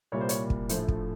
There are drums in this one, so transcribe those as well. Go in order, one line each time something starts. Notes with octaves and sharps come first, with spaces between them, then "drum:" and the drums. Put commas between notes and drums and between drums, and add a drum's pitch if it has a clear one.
C2 A#2 G3 A#3 C#5
C5
C#5, drum: hi-hat
drum: kick
A#1 A2 F3 A3 C5, drum: hi-hat
drum: kick